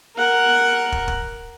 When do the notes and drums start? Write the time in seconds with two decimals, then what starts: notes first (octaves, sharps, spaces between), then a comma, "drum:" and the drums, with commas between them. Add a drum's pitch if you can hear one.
0.16 A#4 F#5
0.92 drum: kick
1.08 drum: kick